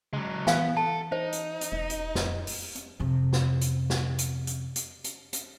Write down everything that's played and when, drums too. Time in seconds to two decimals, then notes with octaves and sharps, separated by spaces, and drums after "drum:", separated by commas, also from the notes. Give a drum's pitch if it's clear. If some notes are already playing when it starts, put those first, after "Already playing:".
0.13 C#3 F#3 G#3
0.47 E3 B3 F5 F#5 G#5, drum: snare
0.77 A4 A5
1.12 D#4 C5
1.33 drum: hi-hat
1.61 drum: hi-hat
1.72 E1
1.90 drum: hi-hat
2.15 F2, drum: snare
2.47 drum: open hi-hat
2.75 drum: hi-hat
3.00 F2 C3
3.33 drum: snare
3.61 drum: hi-hat
3.90 drum: snare
4.18 drum: hi-hat
4.47 drum: hi-hat
4.76 drum: hi-hat
5.04 drum: hi-hat
5.33 drum: hi-hat